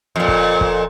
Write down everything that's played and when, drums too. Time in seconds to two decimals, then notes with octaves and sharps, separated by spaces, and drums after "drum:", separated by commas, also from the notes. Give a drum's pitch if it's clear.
0.16 F2 A#2
0.28 drum: kick
0.61 drum: kick